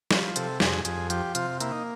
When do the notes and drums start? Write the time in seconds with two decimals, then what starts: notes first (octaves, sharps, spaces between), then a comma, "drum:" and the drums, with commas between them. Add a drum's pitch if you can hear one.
0.11 F3, drum: snare
0.36 C3 A4, drum: hi-hat
0.60 F2 G#4, drum: snare
0.85 F2 G#4, drum: hi-hat
1.10 F3 G4, drum: hi-hat
1.35 C3 F4, drum: hi-hat
1.60 A#3 E4, drum: hi-hat
1.72 D#4